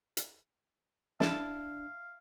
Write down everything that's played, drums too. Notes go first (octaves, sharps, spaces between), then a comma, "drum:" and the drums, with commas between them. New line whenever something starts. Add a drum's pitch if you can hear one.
drum: hi-hat
D4 E4 F5 A5, drum: snare